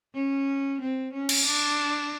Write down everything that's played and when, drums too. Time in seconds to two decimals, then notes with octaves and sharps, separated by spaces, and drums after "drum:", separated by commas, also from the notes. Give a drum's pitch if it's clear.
0.15 C#4
0.81 C4
1.13 C#4
1.29 drum: cymbal
1.46 D4